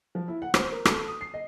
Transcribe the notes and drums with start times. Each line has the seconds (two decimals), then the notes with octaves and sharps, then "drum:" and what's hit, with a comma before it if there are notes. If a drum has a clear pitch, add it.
0.15 F3
0.28 E4
0.42 F#5
0.54 C5, drum: rim click
0.72 A#4
0.85 A4, drum: rim click
1.07 D#6
1.21 C7
1.34 D#5